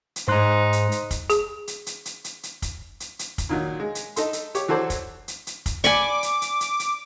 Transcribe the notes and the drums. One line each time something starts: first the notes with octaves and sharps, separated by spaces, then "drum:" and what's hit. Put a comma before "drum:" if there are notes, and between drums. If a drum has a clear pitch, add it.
drum: hi-hat
G#2 D#4 C5 C6 F#6
drum: hi-hat
drum: hi-hat
drum: kick, hi-hat
G#4, drum: hi-hat
drum: hi-hat
drum: hi-hat
drum: hi-hat
drum: hi-hat
drum: hi-hat
drum: kick, hi-hat
drum: hi-hat
drum: hi-hat
drum: kick, hi-hat
A#2 D#3 F#3
G#3
drum: hi-hat
D#4 A4 C6, drum: hi-hat
drum: hi-hat
G4 C#5, drum: hi-hat
E3 F#3 F#4 A4 C5 D5
drum: kick, hi-hat
drum: hi-hat
drum: hi-hat
drum: kick, hi-hat
D5 G#5 B5 C#6 D6, drum: hi-hat
drum: hi-hat
drum: hi-hat
drum: hi-hat
drum: hi-hat